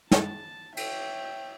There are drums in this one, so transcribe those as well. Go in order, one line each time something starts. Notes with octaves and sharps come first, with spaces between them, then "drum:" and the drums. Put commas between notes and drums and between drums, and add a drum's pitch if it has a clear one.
A5, drum: snare
C#5 E5 G5, drum: cymbal